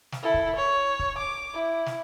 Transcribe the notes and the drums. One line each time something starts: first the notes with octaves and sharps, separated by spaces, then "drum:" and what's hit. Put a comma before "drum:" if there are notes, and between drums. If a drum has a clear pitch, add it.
drum: snare
E4 A4
drum: kick
C#5
drum: kick
D6
E4
drum: snare